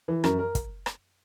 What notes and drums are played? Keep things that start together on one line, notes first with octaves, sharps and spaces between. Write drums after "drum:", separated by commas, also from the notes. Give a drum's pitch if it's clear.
E3
F#2 A#4, drum: rim click
A#4
drum: kick, hi-hat
drum: rim click